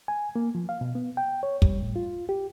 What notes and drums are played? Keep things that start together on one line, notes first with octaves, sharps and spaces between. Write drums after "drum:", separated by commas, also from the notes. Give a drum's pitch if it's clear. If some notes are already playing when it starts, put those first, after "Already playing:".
G#5
A#3
F3
F5
B2
B3
G5
C#5
G3, drum: kick
A2
F4
G4